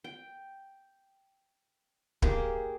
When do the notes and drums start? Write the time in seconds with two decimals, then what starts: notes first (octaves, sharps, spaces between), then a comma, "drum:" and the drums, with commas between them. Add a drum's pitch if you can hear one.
0.04 G5
2.22 A#3 G4 G#4, drum: kick D1